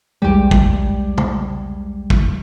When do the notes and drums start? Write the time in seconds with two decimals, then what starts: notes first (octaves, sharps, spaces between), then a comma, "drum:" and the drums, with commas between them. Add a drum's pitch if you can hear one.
0.22 B1 E2 G3 G#3 G4
0.51 drum: kick
1.18 drum: tom
2.10 drum: kick